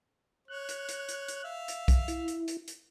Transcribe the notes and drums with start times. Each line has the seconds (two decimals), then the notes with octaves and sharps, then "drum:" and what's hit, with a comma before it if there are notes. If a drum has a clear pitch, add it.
0.48 C#5 F#6
0.69 drum: hi-hat
0.89 drum: hi-hat
1.09 drum: hi-hat
1.28 drum: hi-hat
1.44 E5 F5
1.68 drum: hi-hat
1.88 drum: kick B1, hi-hat
2.08 E4, drum: hi-hat
2.28 drum: hi-hat
2.48 drum: hi-hat
2.68 drum: hi-hat